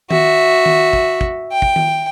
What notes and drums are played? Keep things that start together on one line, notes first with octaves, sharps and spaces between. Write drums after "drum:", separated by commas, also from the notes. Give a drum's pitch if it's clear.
F#4 E5, drum: tom D#3
drum: tom D#3
drum: kick
drum: kick
G5
drum: kick
drum: tom D#3